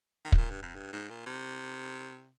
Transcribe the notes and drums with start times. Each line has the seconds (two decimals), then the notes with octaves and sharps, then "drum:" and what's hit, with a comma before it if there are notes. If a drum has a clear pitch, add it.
0.25 D#3
0.32 G#2, drum: kick
0.37 A#2
0.50 G2
0.62 F2
0.75 G2
0.93 G#2
1.10 A#2
1.26 C3